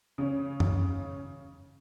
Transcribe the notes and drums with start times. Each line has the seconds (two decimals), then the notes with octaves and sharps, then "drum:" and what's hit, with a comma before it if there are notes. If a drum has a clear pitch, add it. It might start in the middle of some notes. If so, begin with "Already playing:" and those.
0.18 C#3 C#4
0.60 drum: tom F#2